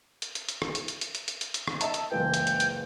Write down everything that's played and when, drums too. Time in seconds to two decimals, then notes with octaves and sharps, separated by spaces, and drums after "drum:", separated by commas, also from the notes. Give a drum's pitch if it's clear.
0.22 drum: hi-hat
0.35 drum: hi-hat
0.49 drum: hi-hat
0.62 drum: rim click
0.75 drum: hi-hat
0.88 drum: hi-hat
1.01 drum: hi-hat
1.15 drum: hi-hat
1.28 drum: hi-hat
1.41 drum: hi-hat
1.54 drum: hi-hat
1.68 drum: rim click
1.81 D#5 E5 A5, drum: hi-hat
1.94 drum: hi-hat
2.12 F#1 C#2 E3 G5
2.34 drum: hi-hat
2.47 drum: hi-hat
2.60 drum: hi-hat